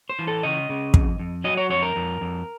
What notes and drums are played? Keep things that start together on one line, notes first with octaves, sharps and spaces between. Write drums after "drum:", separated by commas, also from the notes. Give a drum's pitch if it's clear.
C5
E3
A4
C#3 D#5
C#3
F2, drum: kick
F2
F#3 D#5
C#5
F2 C#5
A#4
F2
F2